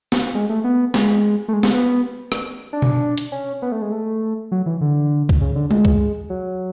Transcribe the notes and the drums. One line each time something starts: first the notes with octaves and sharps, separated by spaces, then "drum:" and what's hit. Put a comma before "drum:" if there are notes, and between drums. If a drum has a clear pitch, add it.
drum: snare
G#3
A3
B3
G#3, drum: snare
A3
G#3
G#3, drum: snare
B3
drum: rim click
D4
drum: tom B2
drum: hi-hat
C#4
B3
A3
G#3
A3
F#3
E3
D3
drum: kick C#2
C#3
D3
G#3, drum: tom G#3
drum: kick C#2
F#3